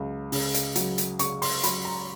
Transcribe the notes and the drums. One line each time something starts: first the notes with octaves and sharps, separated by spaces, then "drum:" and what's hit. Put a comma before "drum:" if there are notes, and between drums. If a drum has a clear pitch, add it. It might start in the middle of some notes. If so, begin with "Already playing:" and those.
Already playing: C#2 F#3
C#3, drum: open hi-hat
drum: hi-hat
F#3, drum: hi-hat
drum: hi-hat
C#3 C#6, drum: hi-hat
C6, drum: open hi-hat
F#3 B5, drum: hi-hat
A#5